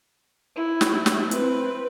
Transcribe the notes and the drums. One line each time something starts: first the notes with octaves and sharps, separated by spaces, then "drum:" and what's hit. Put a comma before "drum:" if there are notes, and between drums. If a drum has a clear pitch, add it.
E4
drum: snare
drum: snare
C4 B4, drum: hi-hat